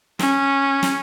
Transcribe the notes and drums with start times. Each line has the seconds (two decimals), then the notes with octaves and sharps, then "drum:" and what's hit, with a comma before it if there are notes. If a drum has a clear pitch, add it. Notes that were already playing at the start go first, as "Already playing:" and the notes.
0.19 C#4, drum: snare
0.83 drum: snare